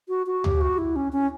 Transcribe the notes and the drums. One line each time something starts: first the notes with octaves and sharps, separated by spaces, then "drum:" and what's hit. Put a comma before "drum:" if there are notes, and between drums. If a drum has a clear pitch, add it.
F#4
F#4
G4, drum: tom
F#4
E4
C#4
C#4